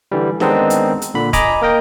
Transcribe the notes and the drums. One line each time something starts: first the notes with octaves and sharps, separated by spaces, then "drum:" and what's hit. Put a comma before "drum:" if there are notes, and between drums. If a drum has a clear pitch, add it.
D3 E3 G3
D#3 G#3 B3 C4 D4 D#4, drum: snare
drum: hi-hat
drum: hi-hat
A#2 D3 B5
D#5 G#5 A#5 B5 D6, drum: kick, hi-hat
A#3 A#4 D#5 G5